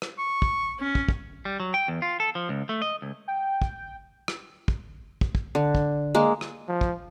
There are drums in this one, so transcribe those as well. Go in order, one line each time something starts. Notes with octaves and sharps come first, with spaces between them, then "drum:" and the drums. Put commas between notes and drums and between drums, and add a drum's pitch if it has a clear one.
drum: rim click
C#6
drum: kick
C#4
drum: kick
drum: kick
G3
F#3
G5
E2
F4
A4
F3
C#2
A3
D#5
C#2
G5
drum: kick
drum: rim click
drum: kick
drum: kick
drum: kick
D3
drum: kick
G#3 A#3
drum: rim click
F3
drum: kick